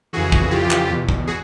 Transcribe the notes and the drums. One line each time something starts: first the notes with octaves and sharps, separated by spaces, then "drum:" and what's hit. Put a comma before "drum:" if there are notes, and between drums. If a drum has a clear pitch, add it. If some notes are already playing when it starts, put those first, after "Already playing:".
F2 C#3 E3 F#4 G#4
drum: kick
F2 C#3 E3 F4 G4
drum: clap
E2 B2
drum: kick
F#4 G#4